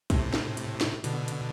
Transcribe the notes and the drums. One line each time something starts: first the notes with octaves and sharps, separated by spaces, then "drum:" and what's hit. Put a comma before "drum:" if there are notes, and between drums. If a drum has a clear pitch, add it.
A2 C3, drum: kick B1, hi-hat
drum: snare
drum: hi-hat
drum: snare
B2 D3, drum: hi-hat
drum: hi-hat